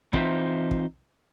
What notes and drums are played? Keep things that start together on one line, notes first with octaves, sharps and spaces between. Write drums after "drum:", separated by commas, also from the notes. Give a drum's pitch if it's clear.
E3 C4 D#4 F4 C5 E5, drum: kick
drum: kick